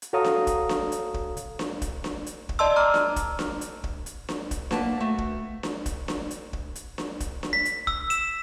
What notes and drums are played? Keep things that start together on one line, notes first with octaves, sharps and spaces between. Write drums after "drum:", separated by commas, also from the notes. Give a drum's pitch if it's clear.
drum: hi-hat
F#4 A4 C#5 F5 A#5 D#6
drum: snare D4
drum: kick, hi-hat
drum: snare D4
drum: hi-hat
drum: kick
drum: hi-hat
drum: snare D4
drum: kick, hi-hat
drum: snare D4
drum: hi-hat
drum: kick
D5 D#5 A5 C6 E6
A#5 D6 F6
drum: snare D4
drum: kick, hi-hat
drum: snare D4
drum: hi-hat
drum: kick
drum: hi-hat
drum: snare D4
drum: kick, hi-hat
A#3 B3 B4 A5, drum: snare D4
A3 F#4
drum: kick
drum: snare D4
drum: kick, hi-hat
drum: snare D4
drum: hi-hat
drum: kick
drum: hi-hat
drum: snare D4
drum: kick, hi-hat
drum: snare D4
B6
drum: hi-hat
E6, drum: kick
E7, drum: hi-hat